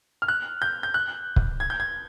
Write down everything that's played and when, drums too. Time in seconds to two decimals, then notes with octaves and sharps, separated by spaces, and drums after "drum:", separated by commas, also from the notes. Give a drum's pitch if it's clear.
0.22 F6
0.28 F#6
0.62 G6
0.83 G6
0.94 F#6
1.36 drum: kick
1.60 G#6
1.70 G6
1.80 G#6